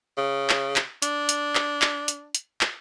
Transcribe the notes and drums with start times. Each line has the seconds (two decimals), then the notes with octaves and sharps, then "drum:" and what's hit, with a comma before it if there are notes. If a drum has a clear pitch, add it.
0.17 C#3
0.50 drum: clap
0.76 drum: clap
1.02 D4, drum: hi-hat
1.29 drum: hi-hat
1.55 drum: clap
1.82 drum: clap
2.08 drum: hi-hat
2.35 drum: hi-hat
2.61 drum: clap